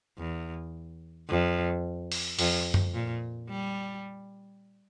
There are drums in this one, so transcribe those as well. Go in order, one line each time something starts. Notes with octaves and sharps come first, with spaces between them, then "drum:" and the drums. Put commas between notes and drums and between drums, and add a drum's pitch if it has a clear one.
E2
F2
drum: open hi-hat
F2, drum: open hi-hat
drum: tom F#2
A#2
G3